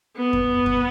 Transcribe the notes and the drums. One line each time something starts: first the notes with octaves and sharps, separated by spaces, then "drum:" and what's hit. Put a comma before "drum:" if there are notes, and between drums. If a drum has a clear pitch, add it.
B3
drum: kick F2
drum: kick F2